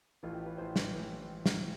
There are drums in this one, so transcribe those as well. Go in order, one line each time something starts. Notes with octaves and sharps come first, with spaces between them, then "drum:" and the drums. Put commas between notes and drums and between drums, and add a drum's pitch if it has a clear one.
A1 A2 E3 F4
G4
B4
A1 A2 E3 C5
B4, drum: snare
A1 A2 E3
drum: snare